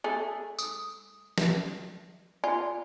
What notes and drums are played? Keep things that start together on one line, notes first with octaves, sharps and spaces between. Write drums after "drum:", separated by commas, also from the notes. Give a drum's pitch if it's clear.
A3 G#4
D#6, drum: tambourine
drum: snare
F4 D5 G#5